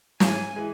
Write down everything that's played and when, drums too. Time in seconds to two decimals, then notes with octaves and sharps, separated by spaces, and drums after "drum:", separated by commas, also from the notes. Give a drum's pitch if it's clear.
0.20 G#2 E3 G#3 G#5, drum: snare
0.56 E3 G#3